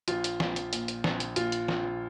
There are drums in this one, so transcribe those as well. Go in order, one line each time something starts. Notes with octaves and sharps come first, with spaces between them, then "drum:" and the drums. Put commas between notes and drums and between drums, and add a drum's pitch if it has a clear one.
A#1 F4, drum: hi-hat
drum: hi-hat
A#1, drum: snare
drum: hi-hat
A#2, drum: hi-hat
drum: hi-hat
A#1, drum: snare
drum: hi-hat
A#2 F4, drum: hi-hat
drum: hi-hat
A#1, drum: snare